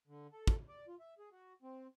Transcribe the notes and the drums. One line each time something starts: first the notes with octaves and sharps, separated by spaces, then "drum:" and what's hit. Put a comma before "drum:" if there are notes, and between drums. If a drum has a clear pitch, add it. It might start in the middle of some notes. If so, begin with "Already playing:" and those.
D3
A4
drum: kick
D5
F4
E5
G#4
F#4
C4